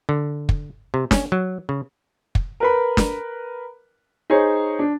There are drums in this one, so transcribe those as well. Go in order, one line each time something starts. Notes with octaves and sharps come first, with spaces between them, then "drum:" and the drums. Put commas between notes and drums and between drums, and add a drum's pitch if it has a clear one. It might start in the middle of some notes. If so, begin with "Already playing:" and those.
D3
drum: kick
C3
C#4, drum: snare
F#3
C#3
drum: kick
A#4 B4 B5
drum: snare
D#4 G#4 C5 C#5
D4